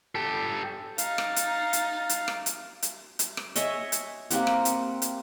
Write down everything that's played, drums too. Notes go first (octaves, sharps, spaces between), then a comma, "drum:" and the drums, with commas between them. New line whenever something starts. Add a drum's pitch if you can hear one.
G4 A4
D#4 F5 A6, drum: hi-hat
drum: rim click
drum: hi-hat
drum: hi-hat
drum: hi-hat
drum: rim click
drum: hi-hat
drum: hi-hat
drum: hi-hat
drum: rim click
C#5 D#5 E5 G#5, drum: hi-hat
drum: hi-hat
A#3 C4 G4 F#5, drum: hi-hat
drum: rim click
drum: hi-hat
drum: hi-hat